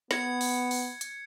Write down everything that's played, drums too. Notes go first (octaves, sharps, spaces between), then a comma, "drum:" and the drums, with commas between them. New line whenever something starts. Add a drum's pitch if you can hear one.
B3 G#6 C#7, drum: snare
drum: open hi-hat
drum: open hi-hat
drum: hi-hat